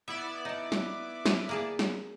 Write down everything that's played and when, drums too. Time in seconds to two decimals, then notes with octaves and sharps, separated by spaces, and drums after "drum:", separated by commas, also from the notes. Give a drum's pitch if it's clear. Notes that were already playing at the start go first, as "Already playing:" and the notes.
0.08 B3 E4 D5 E5
0.45 D#4 A5
0.72 drum: snare
1.26 drum: snare
1.49 A#3 G#4 A5
1.79 drum: snare